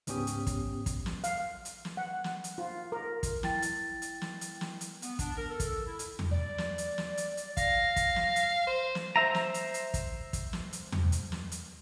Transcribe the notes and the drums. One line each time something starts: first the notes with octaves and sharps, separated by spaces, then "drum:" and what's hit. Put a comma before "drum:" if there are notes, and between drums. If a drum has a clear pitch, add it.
C#2 G#2 B3 C#4 G4 D#6, drum: hi-hat
drum: hi-hat
drum: kick, hi-hat
drum: kick, hi-hat
drum: snare
F5, drum: hi-hat
drum: hi-hat
drum: snare
F#5
drum: snare
drum: hi-hat
F4
A#4
drum: kick, hi-hat
E4 G5 A6, drum: snare
drum: hi-hat
drum: hi-hat
drum: snare
drum: hi-hat
drum: snare
drum: hi-hat
B3, drum: hi-hat
D4, drum: kick, hi-hat
A#4
A4
drum: kick, hi-hat
E4
drum: hi-hat
drum: tom E2
D5
drum: snare
drum: hi-hat
drum: snare
drum: hi-hat
drum: hi-hat
F5 A#6, drum: kick, hi-hat
drum: kick, hi-hat
drum: snare
drum: hi-hat
C5
drum: snare
C5 E5 A#5
drum: snare
drum: hi-hat
drum: hi-hat
drum: kick, hi-hat
drum: kick, hi-hat
drum: snare
drum: hi-hat
drum: tom E2
drum: hi-hat
drum: snare
drum: hi-hat